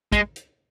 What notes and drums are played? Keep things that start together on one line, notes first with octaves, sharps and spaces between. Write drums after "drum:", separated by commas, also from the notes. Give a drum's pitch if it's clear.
G#3, drum: kick, hi-hat
drum: hi-hat